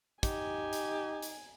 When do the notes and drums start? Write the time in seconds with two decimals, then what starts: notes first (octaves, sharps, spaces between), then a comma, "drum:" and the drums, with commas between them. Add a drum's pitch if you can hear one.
0.23 D#4 G4 G#5, drum: kick, hi-hat
0.73 drum: hi-hat
1.22 drum: hi-hat